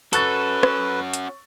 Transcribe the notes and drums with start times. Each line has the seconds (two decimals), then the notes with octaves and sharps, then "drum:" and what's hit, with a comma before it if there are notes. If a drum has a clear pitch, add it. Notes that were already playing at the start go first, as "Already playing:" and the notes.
0.13 C#4 F#4 A4 B4 C#6 F#6 A6, drum: hi-hat
0.63 drum: rim click
1.13 drum: hi-hat